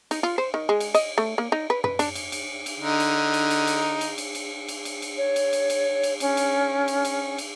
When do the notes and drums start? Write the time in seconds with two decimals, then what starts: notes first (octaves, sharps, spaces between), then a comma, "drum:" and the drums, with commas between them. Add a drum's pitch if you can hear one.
0.11 D#4, drum: cymbal
0.23 F4
0.38 C5
0.54 D#3
0.69 G#3
0.80 drum: cymbal
0.94 D#5, drum: cymbal
1.18 A3
1.38 A#3
1.52 D#4
1.70 B4
1.84 B4, drum: tom F#2
1.99 D4, drum: cymbal
2.15 drum: cymbal
2.32 drum: cymbal
2.66 drum: cymbal
2.80 D3 D#4
3.00 drum: cymbal
3.33 drum: cymbal
3.50 drum: cymbal
3.67 drum: cymbal
4.01 drum: cymbal
4.18 drum: cymbal
4.35 drum: cymbal
4.68 drum: cymbal
4.85 drum: cymbal
5.02 drum: cymbal
5.17 C#5
5.36 drum: cymbal
5.53 drum: cymbal
5.70 drum: cymbal
6.03 drum: cymbal
6.20 C#4, drum: cymbal
6.37 drum: cymbal
6.88 drum: cymbal
7.05 drum: cymbal
7.38 drum: cymbal